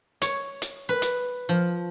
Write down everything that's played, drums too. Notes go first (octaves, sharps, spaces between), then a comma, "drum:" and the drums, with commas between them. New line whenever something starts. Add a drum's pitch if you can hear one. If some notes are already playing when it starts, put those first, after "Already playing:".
C#5, drum: hi-hat
drum: hi-hat
B4
drum: hi-hat
F3